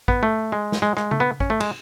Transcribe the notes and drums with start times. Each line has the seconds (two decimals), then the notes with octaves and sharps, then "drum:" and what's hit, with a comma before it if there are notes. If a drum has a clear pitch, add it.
0.08 B3, drum: kick A1
0.23 A3
0.52 G#3
0.72 drum: snare
0.82 G#3
0.97 G#3, drum: rim click
1.11 A3, drum: tom C#3
1.20 B3
1.40 C#4, drum: kick A1
1.50 A3
1.60 G#3, drum: cymbal